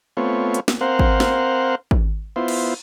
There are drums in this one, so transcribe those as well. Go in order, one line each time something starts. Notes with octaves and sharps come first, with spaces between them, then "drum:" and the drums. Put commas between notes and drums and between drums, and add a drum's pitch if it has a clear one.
A3 B3 C4 F4 C#5
drum: hi-hat
drum: snare
C4 A#4 C5 F5 F#5
drum: kick G#1
drum: snare
drum: kick G#1
B3 E4 F4 C5
drum: cymbal